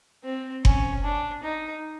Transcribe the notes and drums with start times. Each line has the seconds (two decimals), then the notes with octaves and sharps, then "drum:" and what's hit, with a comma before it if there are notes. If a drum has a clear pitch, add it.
0.24 C4
0.65 C#4, drum: kick F#1
1.04 D4
1.43 D#4